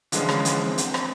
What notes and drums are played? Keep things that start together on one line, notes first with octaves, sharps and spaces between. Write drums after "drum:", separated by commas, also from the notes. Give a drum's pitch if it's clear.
D3 E3 F3 G#3 C#4 F4, drum: hi-hat
drum: rim click
drum: hi-hat
C4
drum: hi-hat
drum: rim click